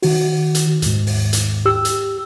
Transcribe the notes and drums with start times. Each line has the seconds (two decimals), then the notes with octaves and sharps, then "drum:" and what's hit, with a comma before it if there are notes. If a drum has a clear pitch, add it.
0.03 D#3 F#4, drum: open hi-hat
0.55 drum: hi-hat
0.82 D#2 G#2, drum: hi-hat
1.07 drum: open hi-hat
1.33 drum: hi-hat
1.66 G4 E6
1.85 drum: hi-hat